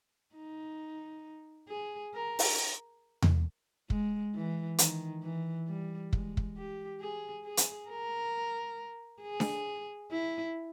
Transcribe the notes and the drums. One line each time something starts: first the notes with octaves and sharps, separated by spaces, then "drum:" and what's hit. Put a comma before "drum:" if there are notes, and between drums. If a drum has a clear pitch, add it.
D#4
G#4
A#4
drum: open hi-hat
drum: tom E2
G#3, drum: kick
E3
D#3, drum: hi-hat
E3
G3
G#3, drum: kick
drum: kick
G4
G#4
G#4
drum: hi-hat
A#4
G#4
drum: snare D4
E4